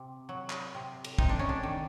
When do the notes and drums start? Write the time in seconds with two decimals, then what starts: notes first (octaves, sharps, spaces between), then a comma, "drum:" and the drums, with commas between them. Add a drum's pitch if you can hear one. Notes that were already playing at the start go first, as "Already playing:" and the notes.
Already playing: C3
0.29 F#3
0.50 drum: clap
0.74 C3
1.04 drum: cymbal
1.19 C3 D#4, drum: kick
1.29 D4
1.39 C#4
1.49 D4
1.63 D#3